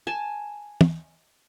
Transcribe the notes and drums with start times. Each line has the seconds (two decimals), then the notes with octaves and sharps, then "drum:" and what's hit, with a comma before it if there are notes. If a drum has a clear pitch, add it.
0.07 G#5 A5
0.81 drum: tom